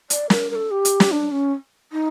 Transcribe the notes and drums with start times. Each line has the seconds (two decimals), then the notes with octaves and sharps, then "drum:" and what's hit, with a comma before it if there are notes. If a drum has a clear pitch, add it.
0.10 D5, drum: hi-hat
0.30 A#4, drum: snare
0.50 A#4
0.55 A4
0.71 G4
0.85 drum: hi-hat
1.00 drum: snare
1.11 D4
1.31 C#4
1.92 D#4